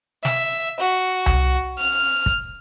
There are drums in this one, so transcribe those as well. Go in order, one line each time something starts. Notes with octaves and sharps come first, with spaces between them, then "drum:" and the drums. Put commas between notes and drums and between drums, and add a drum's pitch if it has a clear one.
E5, drum: snare
F#4
drum: tom C2
F6
drum: kick